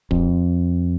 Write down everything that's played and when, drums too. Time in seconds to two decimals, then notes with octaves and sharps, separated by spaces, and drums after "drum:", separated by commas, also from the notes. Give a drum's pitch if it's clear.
0.11 F2, drum: kick D1